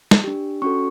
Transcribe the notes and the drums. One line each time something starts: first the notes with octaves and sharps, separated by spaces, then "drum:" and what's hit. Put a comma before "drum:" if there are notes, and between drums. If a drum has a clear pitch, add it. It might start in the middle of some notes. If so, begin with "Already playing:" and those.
drum: snare
D4 G4
C#4 F#4 A4 C#6